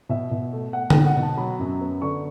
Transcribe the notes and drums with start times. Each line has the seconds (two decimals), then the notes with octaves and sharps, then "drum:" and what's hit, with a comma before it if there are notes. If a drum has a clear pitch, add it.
0.09 B2 E5
0.31 B2
0.53 A3
0.73 A3 F#5
0.90 B2 G5, drum: tom D3
1.06 F#5
1.16 B2
1.22 A5
1.37 F#3 B5
1.59 F#2
1.81 B3
2.02 D3 C#6